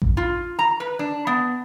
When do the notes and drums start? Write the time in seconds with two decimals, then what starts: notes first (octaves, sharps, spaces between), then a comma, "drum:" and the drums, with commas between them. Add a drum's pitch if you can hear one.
0.02 drum: kick A1
0.17 F4
0.59 A#5
0.80 B4
0.99 D4
1.27 B3